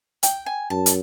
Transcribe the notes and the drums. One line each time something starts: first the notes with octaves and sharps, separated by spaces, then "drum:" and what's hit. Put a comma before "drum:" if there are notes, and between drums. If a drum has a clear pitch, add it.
G5, drum: hi-hat
G#5
F#2 A5
drum: hi-hat